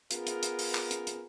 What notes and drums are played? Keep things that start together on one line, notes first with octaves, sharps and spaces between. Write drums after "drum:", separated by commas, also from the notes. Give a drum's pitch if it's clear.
B3 F4 G#4 A#4, drum: hi-hat
drum: hi-hat
drum: hi-hat
drum: open hi-hat
drum: clap
drum: hi-hat
drum: hi-hat